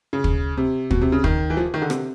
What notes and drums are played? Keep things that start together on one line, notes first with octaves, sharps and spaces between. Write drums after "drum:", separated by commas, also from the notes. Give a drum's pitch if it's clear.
C#3
drum: kick
C3
B2, drum: kick
C3
C#3
D#3, drum: kick
E3
F3
D#3
D3
C3, drum: rim click